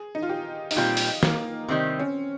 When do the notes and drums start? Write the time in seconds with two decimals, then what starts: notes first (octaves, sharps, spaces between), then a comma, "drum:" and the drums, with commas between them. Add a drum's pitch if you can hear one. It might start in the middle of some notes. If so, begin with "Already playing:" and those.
Already playing: G#4
0.15 D#4
0.22 F4
0.29 G4
0.71 D#4, drum: open hi-hat
0.76 A#2 G3 C4 F4
0.97 drum: open hi-hat
1.23 A#3, drum: snare
1.68 C3 D#3 G3 C4
1.99 C#4